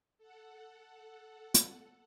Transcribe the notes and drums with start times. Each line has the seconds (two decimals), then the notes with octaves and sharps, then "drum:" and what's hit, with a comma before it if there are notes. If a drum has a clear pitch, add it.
0.18 A4 F#5
1.54 drum: hi-hat